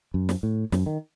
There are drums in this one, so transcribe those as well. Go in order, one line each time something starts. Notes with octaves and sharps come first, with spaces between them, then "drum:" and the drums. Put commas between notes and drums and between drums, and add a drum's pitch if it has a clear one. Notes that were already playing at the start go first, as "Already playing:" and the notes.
F#2
drum: snare
A2
F#2, drum: snare
D#3